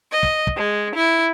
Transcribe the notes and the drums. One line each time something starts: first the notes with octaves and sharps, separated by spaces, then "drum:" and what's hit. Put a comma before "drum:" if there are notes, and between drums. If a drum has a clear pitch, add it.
D#5
drum: kick
drum: kick
G#3
E4